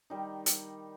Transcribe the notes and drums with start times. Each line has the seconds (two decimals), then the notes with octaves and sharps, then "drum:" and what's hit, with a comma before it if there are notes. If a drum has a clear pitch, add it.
0.10 D#3 G3 D#4
0.46 drum: hi-hat